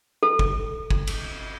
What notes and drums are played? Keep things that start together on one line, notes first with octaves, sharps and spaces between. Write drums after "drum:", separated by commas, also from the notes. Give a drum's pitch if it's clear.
A4
drum: kick
drum: kick
drum: cymbal